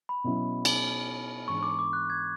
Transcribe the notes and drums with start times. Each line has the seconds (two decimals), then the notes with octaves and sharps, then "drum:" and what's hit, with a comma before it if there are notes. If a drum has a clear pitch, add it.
0.09 B5
0.24 B2 F#3 C#4 E4
0.65 drum: cymbal
1.48 G#2 E3 G#3 B3 D4 C#6
1.63 D6
1.79 D6
1.93 F#6
2.10 G#6